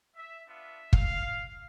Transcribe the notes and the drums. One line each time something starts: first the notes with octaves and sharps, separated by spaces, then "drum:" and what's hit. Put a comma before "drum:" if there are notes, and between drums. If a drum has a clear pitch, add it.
E5
B3 D4 F4 E5
F5, drum: kick